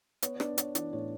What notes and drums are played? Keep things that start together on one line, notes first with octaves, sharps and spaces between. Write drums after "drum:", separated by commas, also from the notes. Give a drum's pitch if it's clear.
B3 C#5, drum: hi-hat
C#5
B3 D4 D5, drum: rim click
B3 C#5, drum: hi-hat
E3 D4 D5, drum: hi-hat
A2 C#5